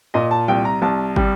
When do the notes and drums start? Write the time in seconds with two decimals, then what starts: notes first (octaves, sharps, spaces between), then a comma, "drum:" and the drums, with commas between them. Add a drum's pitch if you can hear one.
0.14 A#2 D#5
0.31 A5
0.48 C2 G5
0.65 A#5
0.82 C2 A5
1.16 G3, drum: kick